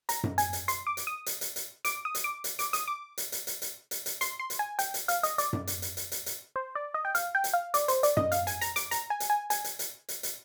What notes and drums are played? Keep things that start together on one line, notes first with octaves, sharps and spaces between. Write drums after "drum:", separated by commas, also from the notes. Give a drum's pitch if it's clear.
A#5, drum: hi-hat
drum: tom F#2
G#5, drum: hi-hat
drum: hi-hat
C6, drum: hi-hat
D6
drum: hi-hat
D#6
drum: hi-hat
drum: hi-hat
drum: hi-hat
D6, drum: hi-hat
D#6
drum: hi-hat
D6
drum: hi-hat
D6, drum: hi-hat
D#6, drum: hi-hat
D6
drum: hi-hat
drum: hi-hat
drum: hi-hat
drum: hi-hat
drum: hi-hat
drum: hi-hat
C6, drum: hi-hat
C6
drum: hi-hat
G#5
G5, drum: hi-hat
drum: hi-hat
F5, drum: hi-hat
D#5, drum: hi-hat
D5, drum: hi-hat
drum: tom F#2
drum: hi-hat
drum: hi-hat
drum: hi-hat
drum: hi-hat
drum: hi-hat
C5
D5
D#5
G5
F5, drum: hi-hat
G5
drum: hi-hat
F5
D5, drum: hi-hat
C5, drum: hi-hat
D5, drum: hi-hat
D#5, drum: tom F#2
F5, drum: hi-hat
G#5, drum: hi-hat
A#5, drum: hi-hat
D6, drum: hi-hat
A#5, drum: hi-hat
G#5
drum: hi-hat
G#5
G#5, drum: hi-hat
drum: hi-hat
drum: hi-hat
drum: hi-hat
drum: hi-hat